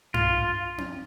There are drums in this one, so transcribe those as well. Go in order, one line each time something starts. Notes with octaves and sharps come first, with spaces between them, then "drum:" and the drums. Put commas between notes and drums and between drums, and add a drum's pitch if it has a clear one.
F4, drum: tom G2
drum: tom C4